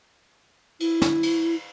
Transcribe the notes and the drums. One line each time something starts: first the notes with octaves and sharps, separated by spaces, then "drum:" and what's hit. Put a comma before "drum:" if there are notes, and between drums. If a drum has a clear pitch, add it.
E4, drum: cymbal
drum: snare
drum: cymbal